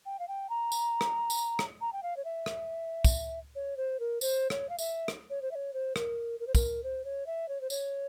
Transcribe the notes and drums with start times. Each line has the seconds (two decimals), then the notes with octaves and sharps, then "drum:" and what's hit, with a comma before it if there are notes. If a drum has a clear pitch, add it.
0.06 G5
0.19 F5
0.28 G5
0.50 A#5
0.72 drum: tambourine
1.01 drum: rim click
1.30 drum: tambourine
1.59 drum: rim click
1.81 A#5
1.93 G5
2.03 F5
2.17 C#5
2.25 E5
2.46 drum: rim click
3.04 drum: kick, tambourine
3.55 C#5
3.77 C5
4.00 A#4
4.21 C5, drum: tambourine
4.50 C#5, drum: rim click
4.69 F5
4.79 E5, drum: tambourine
5.08 drum: rim click
5.30 C#5
5.42 C5
5.51 E5
5.55 C#5
5.74 C5
5.96 A#4, drum: rim click
6.40 A#4
6.47 C5
6.55 A#4, drum: kick, tambourine
6.83 C5
7.05 C#5
7.26 E5
7.49 C#5
7.61 C5
7.70 C#5, drum: tambourine